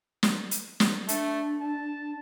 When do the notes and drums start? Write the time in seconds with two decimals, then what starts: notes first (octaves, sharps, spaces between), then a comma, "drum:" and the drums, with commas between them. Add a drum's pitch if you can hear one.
0.23 drum: snare
0.51 drum: hi-hat
0.80 drum: snare
1.09 A3 D4, drum: hi-hat
1.60 A5